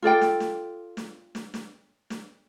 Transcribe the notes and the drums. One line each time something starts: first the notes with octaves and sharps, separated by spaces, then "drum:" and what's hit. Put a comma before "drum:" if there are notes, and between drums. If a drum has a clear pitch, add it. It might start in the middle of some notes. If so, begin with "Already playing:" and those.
F4 A4 D5 G5
drum: snare
drum: snare
drum: snare
drum: snare
drum: snare
drum: snare